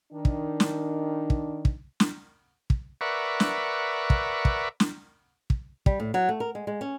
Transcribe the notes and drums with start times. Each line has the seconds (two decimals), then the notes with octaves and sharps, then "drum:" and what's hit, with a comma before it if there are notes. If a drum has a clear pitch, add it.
0.12 D#3 D4
0.25 drum: kick
0.60 drum: snare
1.30 drum: kick
1.65 drum: kick
2.00 drum: snare
2.70 drum: kick
3.01 A#4 B4 D5 E5 F#5 C#6
3.40 drum: snare
4.10 drum: kick
4.45 drum: kick
4.80 drum: snare
5.50 drum: kick
5.86 G3, drum: kick
6.00 A2
6.14 F#3
6.29 A3
6.40 A#4
6.55 G#3
6.67 G#3
6.81 C#4